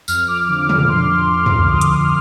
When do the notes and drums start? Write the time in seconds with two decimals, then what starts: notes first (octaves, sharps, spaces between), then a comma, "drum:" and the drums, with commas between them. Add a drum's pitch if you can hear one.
0.08 F2 F6, drum: tambourine
0.28 D6
0.48 D3 F3 D6
0.69 D6, drum: tom
0.89 F2 C6
1.22 C6
1.30 D3 F3 D6
1.46 drum: tom
1.69 F2 D#6
1.81 drum: hi-hat
2.00 F6